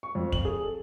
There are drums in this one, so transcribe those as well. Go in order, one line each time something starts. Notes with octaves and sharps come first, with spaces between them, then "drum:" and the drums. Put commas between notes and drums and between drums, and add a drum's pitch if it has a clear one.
C#6
F2
F#7, drum: kick
G#4
A4